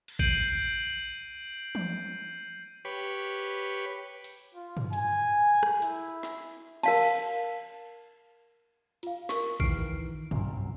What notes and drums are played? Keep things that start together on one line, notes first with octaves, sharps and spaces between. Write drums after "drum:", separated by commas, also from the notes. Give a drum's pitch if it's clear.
drum: cymbal
G6 C7 D7 D#7 F#7, drum: kick A#1
drum: tom E3
G4 B4 C#5
drum: hi-hat
F4
drum: tom
G#5, drum: hi-hat
drum: rim click
E4, drum: hi-hat
drum: snare
A#4 F5 A5, drum: cymbal
F4 F5, drum: hi-hat
A#4 C#6, drum: snare
D#3 E3 F6 C7 D7, drum: kick A#1
G1 C2 F#2, drum: tom